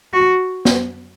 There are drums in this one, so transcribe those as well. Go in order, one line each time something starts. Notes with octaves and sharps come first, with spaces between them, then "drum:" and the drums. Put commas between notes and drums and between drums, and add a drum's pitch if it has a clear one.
F#4
drum: snare